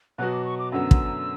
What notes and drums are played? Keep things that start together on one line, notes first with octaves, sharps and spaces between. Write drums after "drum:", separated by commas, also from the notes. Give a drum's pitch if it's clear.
B2 F#3 B3 F#4 F#6
D6
C#6
D6
F#2 D3 F#3 B3 E6
drum: kick